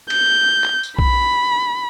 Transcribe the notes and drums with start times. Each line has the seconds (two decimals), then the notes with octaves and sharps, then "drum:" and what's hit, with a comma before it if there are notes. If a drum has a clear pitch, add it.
0.10 G6, drum: cymbal
0.64 drum: clap
0.83 drum: tambourine
0.99 B5, drum: kick B1